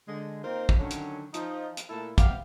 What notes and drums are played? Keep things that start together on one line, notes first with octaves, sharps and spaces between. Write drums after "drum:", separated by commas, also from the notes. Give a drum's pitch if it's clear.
D3 G#3
A#3 C4 D#4 F4 A#4 C5
drum: kick
D3 D#3 F#3 C#4
drum: hi-hat
F3 D#4, drum: hi-hat
drum: hi-hat
A#2 A3 E4 A4
C3 G3 B3 G4 F5, drum: kick, hi-hat